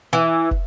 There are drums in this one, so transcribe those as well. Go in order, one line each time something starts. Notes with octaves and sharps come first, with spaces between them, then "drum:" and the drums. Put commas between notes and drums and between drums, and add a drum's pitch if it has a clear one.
E3
drum: kick